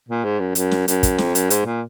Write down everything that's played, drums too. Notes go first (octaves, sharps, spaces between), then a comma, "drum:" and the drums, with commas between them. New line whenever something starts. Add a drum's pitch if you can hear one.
A#2
G#2
F#2
F#2, drum: hi-hat
drum: snare
F#2, drum: hi-hat
drum: kick, hi-hat
F2, drum: snare
F#2, drum: hi-hat
G#2, drum: hi-hat
A#2